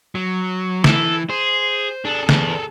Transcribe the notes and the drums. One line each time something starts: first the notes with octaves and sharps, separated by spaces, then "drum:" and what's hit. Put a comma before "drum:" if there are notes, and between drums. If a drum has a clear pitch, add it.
F#3
E3 A4, drum: snare
G#4 C5
D4 G#4 A4
E2, drum: snare